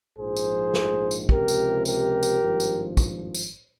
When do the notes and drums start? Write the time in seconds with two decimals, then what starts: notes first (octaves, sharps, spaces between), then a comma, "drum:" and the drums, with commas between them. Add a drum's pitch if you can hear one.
0.18 A#1 G#2 F3 G#4 C5
0.36 drum: tambourine
0.74 drum: snare
1.11 drum: tambourine
1.29 C#2 C3 F3 G4 A#4, drum: kick
1.48 drum: tambourine
1.85 G4 A#4, drum: tambourine
2.23 drum: tambourine
2.41 G#1 G2 F3
2.60 drum: tambourine
2.97 drum: kick, tambourine
3.34 drum: tambourine